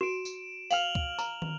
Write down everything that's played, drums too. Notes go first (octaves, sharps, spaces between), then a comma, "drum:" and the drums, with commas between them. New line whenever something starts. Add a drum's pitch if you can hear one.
F#4 D7 E7
drum: tambourine
F5 G5 F6 F7 F#7, drum: tambourine
drum: kick C#2
A#5, drum: tambourine
drum: tom